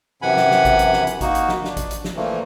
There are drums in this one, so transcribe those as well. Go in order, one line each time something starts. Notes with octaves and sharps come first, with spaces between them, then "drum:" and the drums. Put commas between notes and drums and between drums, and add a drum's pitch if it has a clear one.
F#2 C3 E3 F#5 G#5 B5
drum: snare
drum: snare
drum: kick A1, hi-hat
drum: hi-hat
drum: snare
drum: hi-hat
A#3 D#4 F#4, drum: kick A1, hi-hat
drum: hi-hat
drum: snare
D4, drum: snare
drum: kick A1, hi-hat
drum: hi-hat
drum: snare
A#2 E3 F3 A3 A#3